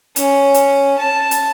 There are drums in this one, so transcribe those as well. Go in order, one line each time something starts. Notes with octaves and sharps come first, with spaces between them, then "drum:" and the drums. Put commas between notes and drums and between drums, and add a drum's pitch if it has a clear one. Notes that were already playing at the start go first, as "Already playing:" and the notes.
C#4, drum: hi-hat
drum: hi-hat
A5
drum: hi-hat